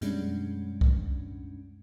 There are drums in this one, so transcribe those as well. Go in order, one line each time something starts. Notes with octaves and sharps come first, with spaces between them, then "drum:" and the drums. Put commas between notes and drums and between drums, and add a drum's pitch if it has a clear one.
F#2 B2 G3 G#3 C#4 D4, drum: hi-hat
drum: kick C2